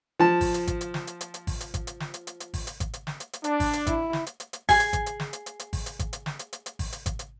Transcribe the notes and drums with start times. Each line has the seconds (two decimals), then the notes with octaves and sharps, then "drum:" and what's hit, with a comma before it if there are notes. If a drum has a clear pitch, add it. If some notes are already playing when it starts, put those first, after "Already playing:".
0.19 F3 A5
0.41 drum: kick G#1, open hi-hat
0.54 drum: hi-hat
0.67 drum: kick G#1, hi-hat
0.81 drum: hi-hat
0.94 drum: snare
1.07 drum: hi-hat
1.21 drum: hi-hat
1.34 drum: hi-hat
1.47 drum: kick G#1, open hi-hat
1.60 drum: hi-hat
1.74 drum: kick G#1, hi-hat
1.87 drum: hi-hat
2.00 drum: snare
2.14 drum: hi-hat
2.27 drum: hi-hat
2.40 drum: hi-hat
2.54 drum: kick G#1, open hi-hat
2.67 drum: hi-hat
2.80 drum: kick G#1, hi-hat
2.93 drum: hi-hat
3.07 drum: snare
3.20 drum: hi-hat
3.33 drum: hi-hat
3.44 D4, drum: hi-hat
3.60 drum: kick G#1, open hi-hat
3.73 drum: hi-hat
3.87 E4, drum: kick G#1, hi-hat
4.13 drum: snare
4.26 drum: hi-hat
4.40 drum: hi-hat
4.53 drum: hi-hat
4.69 G#4 G#5, drum: kick G#1, open hi-hat
4.80 drum: hi-hat
4.93 drum: kick G#1, hi-hat
5.06 drum: hi-hat
5.20 drum: snare
5.33 drum: hi-hat
5.46 drum: hi-hat
5.59 drum: hi-hat
5.73 drum: kick G#1, open hi-hat
5.86 drum: hi-hat
5.99 drum: kick G#1, hi-hat
6.13 drum: hi-hat
6.26 drum: snare
6.39 drum: hi-hat
6.53 drum: hi-hat
6.66 drum: hi-hat
6.79 drum: kick G#1, open hi-hat
6.92 drum: hi-hat
7.06 drum: kick G#1, hi-hat
7.19 drum: hi-hat